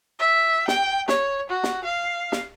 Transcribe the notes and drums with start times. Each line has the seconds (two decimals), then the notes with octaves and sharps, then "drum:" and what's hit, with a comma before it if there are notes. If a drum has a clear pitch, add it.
0.19 E5
0.68 G5, drum: snare
1.08 C#5, drum: snare
1.50 F#4
1.64 drum: snare
1.84 F5
2.32 drum: snare